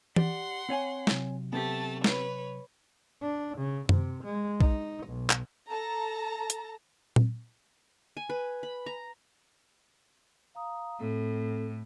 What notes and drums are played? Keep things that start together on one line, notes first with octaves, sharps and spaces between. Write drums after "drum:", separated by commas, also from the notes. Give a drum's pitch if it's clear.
G4 D5 F#5 C6, drum: tom E3
C4 C#5 G#5
C3 F#3, drum: snare
A3 B3 C4 G4 A5
B4 C#5, drum: snare
D4
C#3
C3, drum: tom F#2
G#3
D#4, drum: kick B1
B1
drum: clap
A4 A5 A#5
drum: hi-hat
drum: tom A#2
G#5
B4
B5
A#5
F5 A#5 D#6
A2 C4 A4